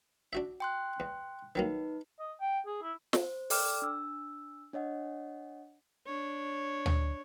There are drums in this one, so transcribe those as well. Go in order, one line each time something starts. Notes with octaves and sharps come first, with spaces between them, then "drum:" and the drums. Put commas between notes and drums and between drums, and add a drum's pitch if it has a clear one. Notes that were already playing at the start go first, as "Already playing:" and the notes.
D4 F#4 E5
G5 C6 F#6
E2
D#3 F#3 A#3 D#4 B4
D#5
G5
G#4
E4
C5, drum: snare
A4 D5 G5 D6 F6, drum: open hi-hat
D4 E6
D4 C#5 D#5 F#5
D4 C#5
drum: tom